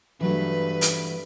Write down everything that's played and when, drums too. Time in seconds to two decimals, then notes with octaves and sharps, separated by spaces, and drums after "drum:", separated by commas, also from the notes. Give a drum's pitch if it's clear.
0.21 G2 E3 F#3 A3 B4
0.81 drum: hi-hat